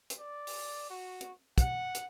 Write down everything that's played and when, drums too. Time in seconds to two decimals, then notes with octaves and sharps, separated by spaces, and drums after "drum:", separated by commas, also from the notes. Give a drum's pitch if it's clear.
0.10 drum: hi-hat
0.19 D5
0.47 drum: open hi-hat
0.90 F#4
1.21 drum: hi-hat
1.58 F#5, drum: kick, hi-hat
1.95 drum: hi-hat